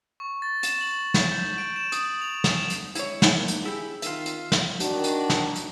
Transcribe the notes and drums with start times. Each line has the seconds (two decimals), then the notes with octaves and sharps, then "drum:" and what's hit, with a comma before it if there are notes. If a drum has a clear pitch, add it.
0.20 C#6
0.42 A6
0.63 E7, drum: hi-hat
0.81 F#7
1.14 drum: snare
1.32 G6
1.58 D7
1.76 E7
1.92 D#6, drum: hi-hat
2.22 F7
2.44 drum: snare
2.54 E7
2.70 drum: hi-hat
2.95 G#3 E4 C#5, drum: hi-hat
3.22 drum: snare
3.35 A#3
3.48 drum: hi-hat
3.65 E4 G4 G#4
4.02 D#3 F4 E5, drum: hi-hat
4.26 drum: hi-hat
4.52 drum: snare
4.80 D#3 D4 F#4, drum: hi-hat
5.04 drum: hi-hat
5.30 drum: snare
5.56 drum: hi-hat